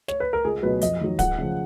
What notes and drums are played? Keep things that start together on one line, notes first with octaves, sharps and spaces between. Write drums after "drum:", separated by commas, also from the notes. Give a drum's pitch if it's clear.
C#5, drum: snare
B4
A#4
C#2 G#4
B2 F#3 B4
F2 D#5, drum: hi-hat
D#3 F#3
C#2 F#5, drum: kick D1, hi-hat
C#3 F3